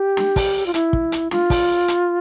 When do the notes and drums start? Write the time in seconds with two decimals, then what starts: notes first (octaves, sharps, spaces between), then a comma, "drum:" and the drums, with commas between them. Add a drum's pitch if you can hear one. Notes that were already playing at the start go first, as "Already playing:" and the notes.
Already playing: G4
0.17 drum: snare
0.36 drum: kick, open hi-hat
0.66 F4
0.74 E4, drum: hi-hat
0.93 drum: kick
1.12 drum: hi-hat
1.31 F4, drum: snare
1.50 drum: kick, open hi-hat
1.88 drum: hi-hat